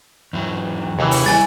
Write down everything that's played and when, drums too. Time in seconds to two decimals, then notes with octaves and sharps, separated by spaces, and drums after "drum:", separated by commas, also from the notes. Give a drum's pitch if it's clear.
0.33 E2 F#3
0.99 D#2 C3 E3 G#4 G#5
1.11 drum: open hi-hat
1.26 G3 E4 G#5 A6